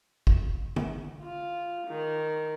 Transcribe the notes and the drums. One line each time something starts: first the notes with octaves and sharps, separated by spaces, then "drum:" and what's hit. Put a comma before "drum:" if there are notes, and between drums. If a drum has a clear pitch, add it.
drum: kick
drum: tom D3
F4
D#3